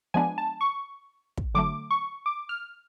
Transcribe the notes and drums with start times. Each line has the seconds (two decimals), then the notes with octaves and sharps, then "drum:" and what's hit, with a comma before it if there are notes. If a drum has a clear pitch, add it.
0.14 F3 G#3 B3 D4 G#5
0.38 A5
0.61 C#6
1.37 drum: kick
1.55 D3 F#3 A3 D6
1.91 C#6
2.26 D6
2.49 F6